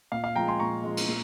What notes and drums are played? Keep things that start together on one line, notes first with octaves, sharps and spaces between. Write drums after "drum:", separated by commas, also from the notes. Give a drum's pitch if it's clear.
A#2 F5
F5
F3 G#3 G5 A#5
G#5 C6
A#2 A#5 C#6
F3 G#3
drum: cymbal
A#2